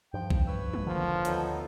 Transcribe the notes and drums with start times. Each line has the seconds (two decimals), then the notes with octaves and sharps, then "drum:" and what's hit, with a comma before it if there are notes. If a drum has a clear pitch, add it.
0.14 G2 F3 G5
0.30 drum: kick A#1
0.47 B4 C#5 E6
0.74 drum: tom G3
0.86 E1 D3 D#3 F3
1.25 D2 B3 D#4 A4 C#5, drum: hi-hat